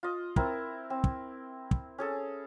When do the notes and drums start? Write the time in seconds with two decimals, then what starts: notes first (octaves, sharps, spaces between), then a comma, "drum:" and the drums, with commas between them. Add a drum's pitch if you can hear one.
0.03 F4 D#5
0.36 C4 E4 A#4, drum: kick
0.90 C4
1.04 drum: kick
1.71 drum: kick
1.98 C#4 G#4 A4